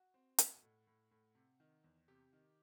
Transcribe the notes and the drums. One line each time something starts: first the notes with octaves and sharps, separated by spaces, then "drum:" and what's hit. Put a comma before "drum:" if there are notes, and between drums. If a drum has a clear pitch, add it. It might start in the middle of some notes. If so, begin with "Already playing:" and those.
Already playing: F#4
C4
B2, drum: hi-hat
A2
A2
A2
C3
D#3
E2
C3 G4
D#3